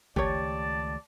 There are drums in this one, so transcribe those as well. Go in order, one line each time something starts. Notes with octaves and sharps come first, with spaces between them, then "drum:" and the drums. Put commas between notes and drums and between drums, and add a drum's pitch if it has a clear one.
C#2 D#3 A3 G4 C#5 D5 A5, drum: kick G1